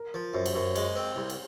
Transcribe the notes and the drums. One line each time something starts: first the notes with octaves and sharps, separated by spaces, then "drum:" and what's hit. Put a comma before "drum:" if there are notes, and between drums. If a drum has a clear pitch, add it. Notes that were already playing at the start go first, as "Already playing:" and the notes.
Already playing: A#4
F3
F#2 C5
C#5, drum: cymbal
F#2 C5
G#3, drum: cymbal
C4
C2
drum: cymbal